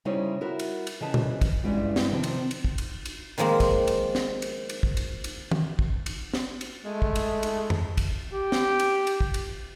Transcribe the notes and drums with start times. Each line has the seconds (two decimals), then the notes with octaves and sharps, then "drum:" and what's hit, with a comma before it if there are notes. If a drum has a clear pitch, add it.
0.05 C#3 G3 D#4 E4 C5 C#5
0.41 E4 F#4 A#4
0.59 drum: cymbal
0.87 drum: cymbal
1.00 C#3 E3 D#5 A5
1.14 drum: tom
1.41 drum: kick, cymbal
1.64 E2 G2 C#3 E3 G3 G#3
1.96 drum: snare
2.12 C3 D#3 F3 C4
2.23 drum: cymbal
2.51 drum: cymbal
2.64 drum: kick
2.78 drum: cymbal
3.05 drum: cymbal
3.38 D#3 F3 G#3 A#3 C4
3.60 drum: kick, cymbal
3.87 drum: cymbal
4.15 drum: snare
4.42 drum: cymbal
4.69 drum: cymbal
4.83 drum: kick
4.97 drum: cymbal
5.24 drum: cymbal
5.51 drum: tom
5.79 drum: kick
6.06 drum: cymbal
6.33 drum: snare
6.61 drum: cymbal
6.85 G#3 A3
7.02 drum: kick
7.15 drum: cymbal
7.43 drum: cymbal
7.70 drum: tom F2
7.98 drum: kick, cymbal
8.32 G4
8.52 drum: snare
8.80 drum: cymbal
9.07 drum: cymbal
9.21 drum: kick
9.34 drum: cymbal